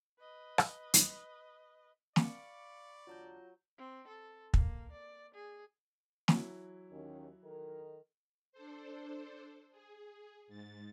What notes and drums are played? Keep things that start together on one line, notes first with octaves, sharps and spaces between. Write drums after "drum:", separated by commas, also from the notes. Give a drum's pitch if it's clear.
B4 D#5
drum: rim click
drum: hi-hat
D5 F5 B5 C#6 D6 C#7, drum: snare
E2 D3 F#3 D4 F4 A#5 G6
C4
A4
A#3, drum: kick
D5
G#4
E3 F#3 E4, drum: snare
D#2 D#3 C#4
D#3 A4 A#4
D4 A4 C5
G#4
G#2 A6